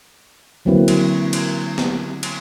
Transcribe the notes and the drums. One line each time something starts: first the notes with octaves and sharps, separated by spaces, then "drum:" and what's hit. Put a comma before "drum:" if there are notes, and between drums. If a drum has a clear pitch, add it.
D3 F#3 A#3 C4 E4 B4
drum: cymbal
drum: cymbal
drum: snare
drum: cymbal